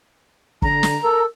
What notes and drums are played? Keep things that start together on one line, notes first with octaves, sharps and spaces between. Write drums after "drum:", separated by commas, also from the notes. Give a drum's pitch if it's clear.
D3 A#5, drum: kick
drum: snare
A4 A#4